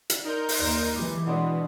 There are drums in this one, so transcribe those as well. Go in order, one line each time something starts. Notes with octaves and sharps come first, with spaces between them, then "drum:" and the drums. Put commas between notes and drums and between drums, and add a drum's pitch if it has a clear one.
drum: hi-hat
D#4 A#4 D5 D#5 C6 G6
drum: open hi-hat
D#2
E3 G#3 G4 D6
B2 G#3 D4 D#5 F#5 C6 D#6